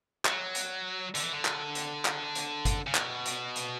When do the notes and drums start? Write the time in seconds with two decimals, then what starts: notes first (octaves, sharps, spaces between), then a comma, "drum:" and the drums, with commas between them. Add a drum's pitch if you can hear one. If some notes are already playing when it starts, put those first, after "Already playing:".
0.25 F#3, drum: clap
0.55 drum: hi-hat
1.15 D3, drum: hi-hat
1.23 E3
1.33 D3
1.45 drum: clap
1.75 drum: hi-hat
2.05 drum: clap
2.35 drum: hi-hat
2.65 drum: kick G1, hi-hat
2.87 C#3
2.95 B2, drum: clap
3.26 drum: hi-hat
3.56 drum: hi-hat